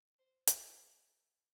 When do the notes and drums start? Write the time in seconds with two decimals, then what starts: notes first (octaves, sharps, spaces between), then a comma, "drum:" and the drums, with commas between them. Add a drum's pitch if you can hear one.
0.18 C5
0.47 C5, drum: hi-hat